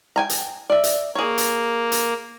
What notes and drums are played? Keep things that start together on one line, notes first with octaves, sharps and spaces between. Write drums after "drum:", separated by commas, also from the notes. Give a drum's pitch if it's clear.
G5 G#5 A#5
drum: hi-hat
D5 E5
drum: hi-hat
A#3 G#4 C#5
drum: hi-hat
drum: hi-hat